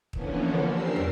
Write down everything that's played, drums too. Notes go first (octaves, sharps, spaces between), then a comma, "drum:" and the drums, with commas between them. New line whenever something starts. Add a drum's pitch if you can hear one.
D3 E3 F3 A#3 B3 C#4, drum: kick
F3 D4 G4 A#4 E6 C7
drum: tom